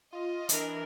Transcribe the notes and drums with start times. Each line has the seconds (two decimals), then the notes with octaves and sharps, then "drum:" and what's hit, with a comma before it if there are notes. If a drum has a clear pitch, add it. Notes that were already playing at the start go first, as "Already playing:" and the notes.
0.13 F4 D#5
0.49 E3 D4 A#4, drum: hi-hat